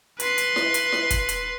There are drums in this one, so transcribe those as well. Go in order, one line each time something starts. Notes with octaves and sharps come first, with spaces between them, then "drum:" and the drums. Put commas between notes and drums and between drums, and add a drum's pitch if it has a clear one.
B4 C6, drum: hi-hat
drum: hi-hat
drum: snare E4
drum: hi-hat
drum: snare E4
drum: kick, hi-hat
drum: hi-hat